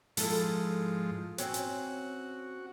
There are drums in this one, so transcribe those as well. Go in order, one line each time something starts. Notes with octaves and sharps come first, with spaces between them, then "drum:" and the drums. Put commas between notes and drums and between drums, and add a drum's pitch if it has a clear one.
G#2 F3 E4 A4, drum: open hi-hat
C4 C#4 F#4, drum: hi-hat
drum: hi-hat